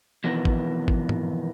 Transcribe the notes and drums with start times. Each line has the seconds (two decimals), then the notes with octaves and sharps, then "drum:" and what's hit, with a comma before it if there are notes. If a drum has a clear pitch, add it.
0.24 F2 B2 D#3 E3 B3
0.45 drum: kick G#1
0.88 drum: kick G#1
1.09 drum: tom